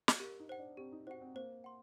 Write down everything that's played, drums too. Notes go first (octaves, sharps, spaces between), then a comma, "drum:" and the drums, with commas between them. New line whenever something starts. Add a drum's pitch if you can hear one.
drum: snare
G4 A#4
D#4
C5 F#5
D4
C4 G4
D#4
F#4 C5 F#5
C4
A#3 C5
F#5 C6